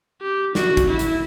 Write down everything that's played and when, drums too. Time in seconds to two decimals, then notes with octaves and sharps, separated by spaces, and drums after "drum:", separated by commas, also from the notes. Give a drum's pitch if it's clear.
0.22 G4
0.55 F#4, drum: snare
0.77 drum: kick, hi-hat
0.88 E4
0.99 drum: hi-hat